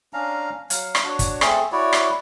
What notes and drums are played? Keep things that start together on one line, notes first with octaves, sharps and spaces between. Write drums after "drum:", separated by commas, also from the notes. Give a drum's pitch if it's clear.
C#4 D4 F5 A#5
F#3 F5, drum: hi-hat
drum: rim click
D4 F#4 C#5
drum: kick, hi-hat
A3 C4 G#4 A4, drum: rim click
E4 F#4 C#5 D5
drum: rim click